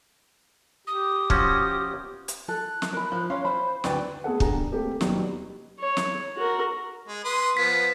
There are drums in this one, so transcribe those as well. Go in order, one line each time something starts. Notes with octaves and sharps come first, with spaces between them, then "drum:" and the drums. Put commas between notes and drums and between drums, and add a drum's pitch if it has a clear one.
G4 D#6
F3 C#4 F#4, drum: kick
drum: hi-hat
A4 F#6
drum: snare
A#4 B5
F3
C#4 C#5 F5 C6
C5 B5
D2 B4 D5 G5, drum: snare
A3 B3 G#4 A4 F#5
D3 G3 G4 G#5 A#5, drum: kick
A3 A#3 C4 G4 A4
D#2 B2 F#3 G3 B3 D#4, drum: snare
C#5
drum: snare
F#4 A#4
G#3
B4 C6 D#6
F3 B3 B6